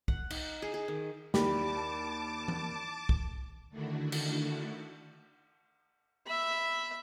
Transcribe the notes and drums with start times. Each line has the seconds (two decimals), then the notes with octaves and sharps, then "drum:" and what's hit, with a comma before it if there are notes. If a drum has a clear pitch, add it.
0.08 F#5, drum: kick
0.30 D#4, drum: cymbal
0.62 G#4
0.74 G#4
0.88 D#3
1.34 D#2 E4 G4 D5 A5 B5 D6, drum: snare
2.48 drum: tom E3
3.09 drum: kick
3.70 D3 D#3 A3 D4 E4 F#4
4.12 drum: cymbal
6.26 E5 B5